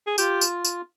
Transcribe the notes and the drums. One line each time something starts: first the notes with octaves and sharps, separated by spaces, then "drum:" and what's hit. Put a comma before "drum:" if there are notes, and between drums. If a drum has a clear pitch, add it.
G#4
F4 G4, drum: tambourine
drum: tambourine
drum: tambourine